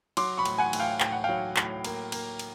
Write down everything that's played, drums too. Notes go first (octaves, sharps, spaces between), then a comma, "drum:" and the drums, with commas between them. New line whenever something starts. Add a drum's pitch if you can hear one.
F#3 C6 D6, drum: cymbal
B5 C#6
A2, drum: cymbal
F#5 G#5
A2, drum: cymbal
F5 G5
A2 G5, drum: clap
F#5
F#3 F5 G5
A2, drum: clap
A#3, drum: cymbal
A#3, drum: cymbal
drum: cymbal